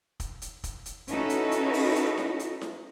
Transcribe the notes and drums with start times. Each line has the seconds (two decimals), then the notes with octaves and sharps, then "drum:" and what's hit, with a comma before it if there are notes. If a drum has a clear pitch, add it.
0.20 drum: kick, hi-hat
0.42 drum: hi-hat
0.64 drum: kick, hi-hat
0.86 drum: hi-hat
1.08 C#4 D#4 E4 F#4 A4 B4, drum: hi-hat
1.30 drum: hi-hat
1.52 drum: hi-hat
1.74 drum: open hi-hat
1.96 drum: hi-hat
2.17 drum: snare E4
2.39 drum: hi-hat
2.61 drum: snare E4